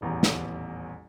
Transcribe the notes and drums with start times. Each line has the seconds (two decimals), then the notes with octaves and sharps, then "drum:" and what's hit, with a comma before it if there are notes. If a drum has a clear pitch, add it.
0.01 D#1 A1 E2 A#5
0.23 drum: snare